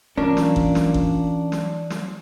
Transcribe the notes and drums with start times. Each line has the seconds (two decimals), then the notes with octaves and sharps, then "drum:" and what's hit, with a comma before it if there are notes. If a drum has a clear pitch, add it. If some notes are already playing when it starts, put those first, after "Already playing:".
0.18 A#2 E3 C#4 D4 A#4
0.37 drum: snare
0.56 drum: kick G1
0.75 drum: snare
0.94 drum: kick G1
1.52 drum: snare
1.90 drum: snare